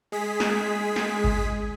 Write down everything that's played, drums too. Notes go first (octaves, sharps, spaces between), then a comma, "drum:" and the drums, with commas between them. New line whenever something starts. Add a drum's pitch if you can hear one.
G#3 G#4 B6
drum: snare
drum: snare
drum: kick G1